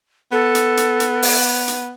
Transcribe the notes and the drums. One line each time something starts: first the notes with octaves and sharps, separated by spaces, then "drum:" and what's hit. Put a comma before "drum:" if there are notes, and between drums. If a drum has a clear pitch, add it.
B3 A4
drum: hi-hat
drum: hi-hat
drum: hi-hat
drum: open hi-hat
drum: hi-hat